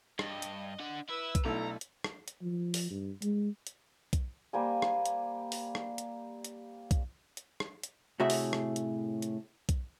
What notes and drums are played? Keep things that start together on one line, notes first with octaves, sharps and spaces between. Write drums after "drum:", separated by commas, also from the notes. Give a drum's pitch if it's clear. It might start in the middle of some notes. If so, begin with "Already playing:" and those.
G2 D#5, drum: rim click
drum: hi-hat
D4 F#5
E4 B4 E6
drum: kick B1, hi-hat
B1 A3 D4 E4 A4 A#5
drum: hi-hat
drum: rim click
drum: hi-hat
F3
drum: open hi-hat
G2
G#3, drum: hi-hat
drum: hi-hat
drum: kick B1, hi-hat
G3 A#3 C5 G#5
drum: rim click
drum: hi-hat
drum: open hi-hat
drum: rim click
drum: hi-hat
drum: hi-hat
drum: kick B1, hi-hat
drum: hi-hat
drum: rim click
drum: hi-hat
A2 C3 F#4 G#4 E5
drum: open hi-hat
drum: rim click
drum: hi-hat
drum: hi-hat
drum: kick B1, hi-hat